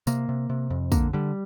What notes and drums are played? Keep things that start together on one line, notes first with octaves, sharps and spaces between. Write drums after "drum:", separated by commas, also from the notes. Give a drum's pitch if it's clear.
C3 A#3, drum: tambourine
C3
C3
F2
D3 A#3, drum: kick, tambourine
D3 G3